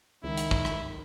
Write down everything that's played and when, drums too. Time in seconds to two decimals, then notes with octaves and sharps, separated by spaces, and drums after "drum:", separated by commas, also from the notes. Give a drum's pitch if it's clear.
0.24 C#2 D#3 E4
0.37 drum: hi-hat
0.51 drum: kick
0.65 drum: rim click